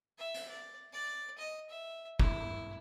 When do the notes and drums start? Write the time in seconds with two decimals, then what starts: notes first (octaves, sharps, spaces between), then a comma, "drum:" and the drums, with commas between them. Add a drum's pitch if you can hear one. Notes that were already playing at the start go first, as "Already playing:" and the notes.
0.18 E5
0.34 drum: hi-hat
0.49 D5
0.93 D5
1.38 D#5
1.69 E5
2.19 E4, drum: kick